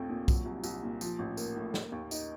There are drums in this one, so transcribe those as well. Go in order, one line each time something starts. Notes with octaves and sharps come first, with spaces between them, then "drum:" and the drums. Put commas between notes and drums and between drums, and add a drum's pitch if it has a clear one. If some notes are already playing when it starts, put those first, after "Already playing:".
Already playing: A#1 D#2 A3 C4
A#2
F#3, drum: kick, tambourine
C2
C2, drum: tambourine
A#2
F3, drum: tambourine
A1
A#3, drum: tambourine
A2
A#3, drum: snare
D#2
D#4, drum: tambourine